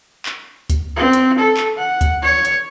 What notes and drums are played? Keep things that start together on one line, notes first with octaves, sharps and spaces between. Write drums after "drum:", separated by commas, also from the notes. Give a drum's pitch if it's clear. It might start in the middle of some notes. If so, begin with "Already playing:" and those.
drum: clap
drum: kick D2, hi-hat
C4
drum: hi-hat
A4
drum: clap
F#5
drum: kick D2, hi-hat
C#5
drum: hi-hat